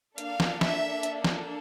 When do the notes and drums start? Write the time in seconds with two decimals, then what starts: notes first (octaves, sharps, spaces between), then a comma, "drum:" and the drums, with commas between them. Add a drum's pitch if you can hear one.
0.18 A#3 D4 A4 F5, drum: hi-hat
0.40 drum: snare
0.61 E5, drum: snare
1.03 drum: hi-hat
1.24 drum: snare